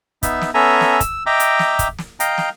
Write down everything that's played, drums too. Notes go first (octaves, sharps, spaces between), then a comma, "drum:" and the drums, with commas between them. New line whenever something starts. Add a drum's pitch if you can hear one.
B3 D#4 E5, drum: kick, hi-hat
drum: snare
B3 C#4 A4 E5 G#5 A#5
drum: snare
E6, drum: kick, hi-hat
D#5 E5 G5 A#5 D6
drum: hi-hat
drum: snare
drum: kick, hi-hat
drum: snare
D#5 F5 G5 A#5, drum: hi-hat
drum: snare